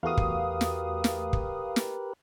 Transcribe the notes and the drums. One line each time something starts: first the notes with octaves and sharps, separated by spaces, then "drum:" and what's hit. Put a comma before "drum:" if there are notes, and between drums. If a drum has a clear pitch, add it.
E2 A3 F#4 G4 A#4 B4 F5 D#6
drum: kick
drum: snare
drum: snare
drum: kick
drum: snare